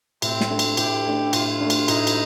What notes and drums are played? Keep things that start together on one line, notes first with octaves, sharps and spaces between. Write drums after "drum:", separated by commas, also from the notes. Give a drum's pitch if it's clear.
A2 C4, drum: cymbal
drum: snare
A3 D4
drum: cymbal
A2 G4, drum: cymbal
A3 D4
A2 F4, drum: cymbal
A3 D4
drum: cymbal
A2 D#4, drum: cymbal
drum: cymbal